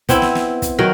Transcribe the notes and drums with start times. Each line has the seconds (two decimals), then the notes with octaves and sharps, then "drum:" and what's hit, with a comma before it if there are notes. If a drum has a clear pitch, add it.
0.09 B3 C4 E4, drum: kick, hi-hat
0.22 drum: snare
0.35 drum: snare
0.62 drum: kick, hi-hat
0.79 D#3 F#3 A#4